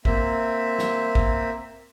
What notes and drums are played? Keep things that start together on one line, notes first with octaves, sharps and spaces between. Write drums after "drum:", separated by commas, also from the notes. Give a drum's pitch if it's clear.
A#3 C4 E5, drum: kick
drum: snare
drum: kick